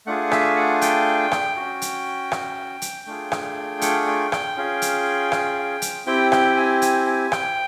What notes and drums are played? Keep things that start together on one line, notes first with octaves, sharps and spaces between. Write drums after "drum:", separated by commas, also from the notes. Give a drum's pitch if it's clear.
A3 D4 F4 G#4 F#5
E5, drum: rim click
F#5
G5, drum: hi-hat
drum: rim click
C#4 F#4
drum: hi-hat
drum: rim click
drum: hi-hat
A3 D4 F4 G#4
drum: rim click
F#5, drum: hi-hat
G5
G5, drum: rim click
C#4 F4 G#4
drum: hi-hat
drum: rim click
drum: hi-hat
C4 E4 G4 G5
G5, drum: rim click
G#5
G#5, drum: hi-hat
G#5
G5, drum: rim click